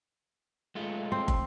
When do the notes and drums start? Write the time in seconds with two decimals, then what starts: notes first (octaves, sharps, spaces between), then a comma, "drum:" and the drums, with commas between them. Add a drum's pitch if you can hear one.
0.75 G#3 A3 F4
1.12 C4
1.28 drum: kick